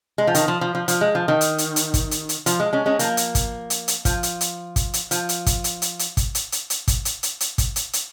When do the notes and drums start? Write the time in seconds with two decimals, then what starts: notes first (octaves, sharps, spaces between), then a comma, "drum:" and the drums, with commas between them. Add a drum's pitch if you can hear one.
0.18 G#3
0.27 F3
0.35 D#3, drum: hi-hat
0.48 F3
0.61 F3
0.75 F3
0.88 F3, drum: hi-hat
1.01 G#3
1.15 F3
1.28 D#3
1.41 drum: hi-hat
1.58 drum: hi-hat
1.76 drum: hi-hat
1.94 drum: kick, hi-hat
2.11 drum: hi-hat
2.29 drum: hi-hat
2.46 F3, drum: hi-hat
2.60 G#3
2.73 G#3 C#4
2.86 G#3 C#4
2.99 F3 A#3, drum: hi-hat
3.17 drum: hi-hat
3.35 drum: kick, hi-hat
3.70 drum: hi-hat
3.88 drum: hi-hat
4.05 F3, drum: kick, hi-hat
4.23 drum: hi-hat
4.41 drum: hi-hat
4.76 drum: kick, hi-hat
4.94 drum: hi-hat
5.11 F3, drum: hi-hat
5.29 drum: hi-hat
5.46 drum: kick, hi-hat
5.64 drum: hi-hat
5.82 drum: hi-hat
5.99 drum: hi-hat
6.17 drum: kick, hi-hat
6.35 drum: hi-hat
6.52 drum: hi-hat
6.70 drum: hi-hat
6.88 drum: kick, hi-hat
7.05 drum: hi-hat
7.23 drum: hi-hat
7.40 drum: hi-hat
7.58 drum: kick, hi-hat
7.76 drum: hi-hat
7.93 drum: hi-hat